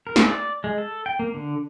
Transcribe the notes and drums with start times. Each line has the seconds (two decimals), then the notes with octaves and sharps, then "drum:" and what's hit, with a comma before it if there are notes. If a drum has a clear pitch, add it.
0.07 A#4
0.16 drum: snare
0.30 D5
0.64 G#3
0.78 A4
1.06 G5
1.19 A#3
1.34 D3